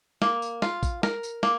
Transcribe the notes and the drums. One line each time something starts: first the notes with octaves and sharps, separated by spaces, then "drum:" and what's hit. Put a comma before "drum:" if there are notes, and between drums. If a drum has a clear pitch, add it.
A#3, drum: snare
drum: tambourine
F4, drum: snare
drum: kick A1, tambourine
A#4, drum: snare
drum: tambourine
A#3, drum: snare